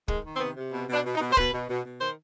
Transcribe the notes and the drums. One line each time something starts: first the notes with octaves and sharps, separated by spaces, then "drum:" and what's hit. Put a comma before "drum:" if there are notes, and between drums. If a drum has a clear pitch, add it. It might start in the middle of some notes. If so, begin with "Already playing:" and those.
D#3 G#3, drum: kick
D#3
C4
C3 B3
C3
B2
B2 D4
B2
D#4
B2
C5
B2 B4, drum: kick
B2
B2
B2
D#3 C5